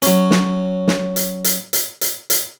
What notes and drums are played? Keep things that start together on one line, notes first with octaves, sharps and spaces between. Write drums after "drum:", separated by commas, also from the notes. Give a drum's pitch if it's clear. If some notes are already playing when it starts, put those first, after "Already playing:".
F#3 C#4, drum: hi-hat
drum: snare
drum: snare
drum: hi-hat
drum: hi-hat
drum: hi-hat
drum: hi-hat
drum: hi-hat